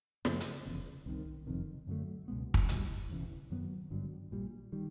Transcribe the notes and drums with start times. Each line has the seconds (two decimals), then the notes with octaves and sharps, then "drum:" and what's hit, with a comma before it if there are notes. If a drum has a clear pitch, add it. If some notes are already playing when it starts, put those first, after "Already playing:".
0.25 F#2 C#3 F3 A3, drum: snare
0.40 drum: hi-hat
0.66 F1 E2 C#3
1.06 C2 C3 D#3
1.47 F#1 F2 C3 D#3
1.87 F#2 D3 F#3 A3
2.28 C#2 B2 G#3 B3
2.54 drum: kick
2.69 A#1 A2 E3 G3, drum: hi-hat
3.09 E1 E2 C#3 E3
3.50 F#2 D#3 F#3 B3
3.90 G#1 G2 D3 F#3
4.31 A#1 A#2 G3
4.72 D#3 G3